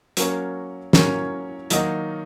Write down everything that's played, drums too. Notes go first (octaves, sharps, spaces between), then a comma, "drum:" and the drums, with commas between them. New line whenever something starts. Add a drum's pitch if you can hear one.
F#3 A#3 C#4 A#4 C#5, drum: hi-hat
F#3 A#3 C#4 A#4 C#5, drum: snare
D#3 F#3 A#3 D#4 F#4, drum: hi-hat